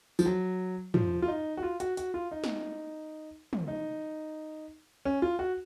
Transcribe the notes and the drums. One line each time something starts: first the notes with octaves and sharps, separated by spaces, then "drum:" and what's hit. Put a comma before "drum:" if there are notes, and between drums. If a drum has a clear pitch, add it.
F3, drum: tambourine
F#3
F3, drum: tom
F4
D#4
F#4
F4
F#4, drum: hi-hat
F#4, drum: hi-hat
F4
D#4
drum: snare
drum: tom
D#4
C#4
F4
F#4